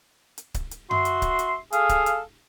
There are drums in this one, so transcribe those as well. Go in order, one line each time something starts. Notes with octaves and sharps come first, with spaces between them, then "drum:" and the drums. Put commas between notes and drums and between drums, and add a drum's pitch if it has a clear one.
drum: hi-hat
drum: kick C#1, hi-hat
drum: hi-hat
F#4 E5 C6, drum: tom F#2
drum: hi-hat
drum: kick C#1, hi-hat
drum: hi-hat
G#4 A4 F5, drum: hi-hat
drum: kick C#1, hi-hat
drum: hi-hat